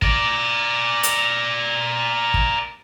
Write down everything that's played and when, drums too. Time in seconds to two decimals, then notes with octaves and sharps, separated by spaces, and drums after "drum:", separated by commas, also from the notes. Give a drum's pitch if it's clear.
0.02 A#4 D5, drum: kick
1.03 drum: hi-hat
2.34 drum: kick